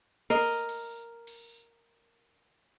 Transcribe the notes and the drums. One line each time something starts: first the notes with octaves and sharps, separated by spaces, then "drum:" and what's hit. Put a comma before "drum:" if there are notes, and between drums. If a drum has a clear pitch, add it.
A#4 D#5, drum: open hi-hat
drum: open hi-hat
drum: open hi-hat